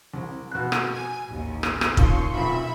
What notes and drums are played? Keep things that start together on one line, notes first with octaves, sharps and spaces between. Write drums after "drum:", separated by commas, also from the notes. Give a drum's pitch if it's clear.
C2
B2 F#6
drum: rim click
G#5
A1 D#2
drum: rim click
drum: rim click
D#2 A#2 C#3 C6 C#6, drum: kick
B1 A#2 F4 E5 B5